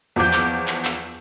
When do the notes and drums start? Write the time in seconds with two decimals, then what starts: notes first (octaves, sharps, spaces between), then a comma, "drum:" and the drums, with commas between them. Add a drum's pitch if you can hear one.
0.16 E2 F3 D6 G6
0.33 drum: clap
0.68 drum: clap
0.85 drum: clap